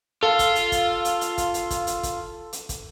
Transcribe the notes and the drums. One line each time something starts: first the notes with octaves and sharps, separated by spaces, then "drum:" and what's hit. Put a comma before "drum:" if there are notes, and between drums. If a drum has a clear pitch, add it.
F4 A4
drum: kick, hi-hat
drum: hi-hat
drum: kick, hi-hat
drum: hi-hat
drum: hi-hat
drum: kick, hi-hat
drum: hi-hat
drum: kick, hi-hat
drum: hi-hat
drum: kick, hi-hat
drum: hi-hat
drum: kick, hi-hat